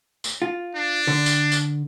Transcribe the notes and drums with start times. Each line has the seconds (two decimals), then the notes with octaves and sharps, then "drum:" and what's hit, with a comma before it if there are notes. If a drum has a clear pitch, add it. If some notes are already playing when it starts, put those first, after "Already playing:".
0.24 drum: tambourine
0.42 F4
0.75 D4
1.07 D3
1.26 drum: tambourine
1.52 drum: tambourine